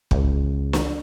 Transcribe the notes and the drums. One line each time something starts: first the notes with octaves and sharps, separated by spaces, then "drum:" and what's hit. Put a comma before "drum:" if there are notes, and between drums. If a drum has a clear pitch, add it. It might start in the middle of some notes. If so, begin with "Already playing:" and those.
C#2, drum: kick
drum: snare